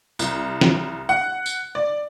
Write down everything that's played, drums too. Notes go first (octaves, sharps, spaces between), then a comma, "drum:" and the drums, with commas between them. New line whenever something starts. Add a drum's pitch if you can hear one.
C2, drum: tambourine
drum: snare
F#5
drum: tambourine
D5